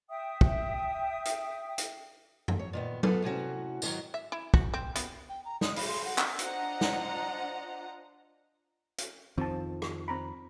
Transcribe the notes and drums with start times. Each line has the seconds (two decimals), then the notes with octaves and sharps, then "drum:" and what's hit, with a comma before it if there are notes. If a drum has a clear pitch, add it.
0.09 E5 G5 D#6
0.41 drum: kick
1.25 drum: hi-hat
1.78 drum: hi-hat
2.48 drum: tom F#2
2.59 C#5
2.73 A#2 D#3 B3
3.03 B3 F4 A4, drum: tom F#3
3.22 A2 C3 C#4 F#4
3.82 G#2 D3 D#3 F#3, drum: tambourine
4.14 E5
4.32 E4
4.54 F#4, drum: kick
4.74 C4
4.96 B3, drum: hi-hat
5.29 G5
5.45 A#5
5.61 D#6, drum: snare
5.76 B5, drum: open hi-hat
5.88 C6
6.05 F#5
6.18 drum: clap
6.39 D4 F4 C5 D#5 F#5 A#5, drum: hi-hat
6.81 drum: snare
8.98 drum: hi-hat
9.38 F2 D#3 F3 C4 A5
9.82 drum: rim click
10.08 C4 A#5 B5